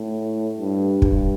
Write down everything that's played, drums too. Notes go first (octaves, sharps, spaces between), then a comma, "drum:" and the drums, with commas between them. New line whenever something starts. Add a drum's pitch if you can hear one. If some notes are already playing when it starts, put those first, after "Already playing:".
Already playing: A2
G2
G2, drum: kick